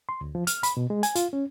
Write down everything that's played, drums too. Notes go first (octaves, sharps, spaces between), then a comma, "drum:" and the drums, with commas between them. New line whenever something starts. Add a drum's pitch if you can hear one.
C6
D2
F3
F6, drum: hi-hat
B5, drum: hi-hat
B2
G#3
G#5, drum: hi-hat
F4, drum: hi-hat
C#4